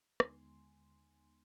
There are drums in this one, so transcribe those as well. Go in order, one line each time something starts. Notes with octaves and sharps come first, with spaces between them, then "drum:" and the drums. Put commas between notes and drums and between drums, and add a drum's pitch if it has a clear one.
D#2 D3 G#3 B3 D#4 G#5 C6, drum: rim click